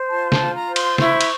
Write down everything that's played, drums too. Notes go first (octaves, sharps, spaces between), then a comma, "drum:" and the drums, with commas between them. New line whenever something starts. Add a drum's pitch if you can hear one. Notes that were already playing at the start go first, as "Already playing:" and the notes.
Already playing: C5
F4 A5
A5, drum: snare
F4
A#5
C5
C6, drum: cymbal
E4 C#6, drum: snare
drum: cymbal